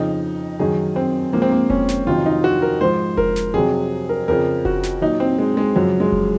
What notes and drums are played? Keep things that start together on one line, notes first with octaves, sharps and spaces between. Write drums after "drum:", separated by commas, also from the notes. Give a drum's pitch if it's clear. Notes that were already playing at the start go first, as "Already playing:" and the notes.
Already playing: F2 C#3 F3 D#4
F#2 D#3 F#3 G#4
C4
G#2 F3 A#3
C4
A#3
C#4, drum: kick F1
drum: snare
F2 C3 D#3 F#3 F4
D#4
F#4
A#4
G#2 F3 C5
A#4, drum: kick F1
drum: snare
F2 C3 F#3 G#4
A#4
F2 C#3 F3 A#4
F#4, drum: kick F1
drum: snare
A#2 F#3 D#4
C4
G#3
G#3
F#2 C#3 F3 F#3
G#3
drum: kick F1